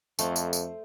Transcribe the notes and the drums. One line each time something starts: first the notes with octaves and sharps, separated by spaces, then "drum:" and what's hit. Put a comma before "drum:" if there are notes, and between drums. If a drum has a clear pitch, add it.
F2 A3 C5, drum: tambourine
drum: tambourine
drum: tambourine